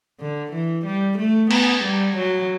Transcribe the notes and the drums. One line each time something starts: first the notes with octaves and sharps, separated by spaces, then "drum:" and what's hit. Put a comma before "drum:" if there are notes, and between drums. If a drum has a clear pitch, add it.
D3
E3
G3
A3
B3, drum: cymbal
G3
F#3